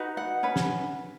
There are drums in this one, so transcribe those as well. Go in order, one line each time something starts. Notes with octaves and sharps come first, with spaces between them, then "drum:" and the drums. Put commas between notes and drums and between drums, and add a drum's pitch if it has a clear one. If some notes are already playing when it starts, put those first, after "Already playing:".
Already playing: D#4 F#4 B4
F#5
C#4 B4
drum: snare